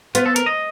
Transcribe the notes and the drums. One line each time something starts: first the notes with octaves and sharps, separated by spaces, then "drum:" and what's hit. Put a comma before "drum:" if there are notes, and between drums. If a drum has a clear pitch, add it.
B3 F4, drum: hi-hat
A4
A#4, drum: hi-hat
D#5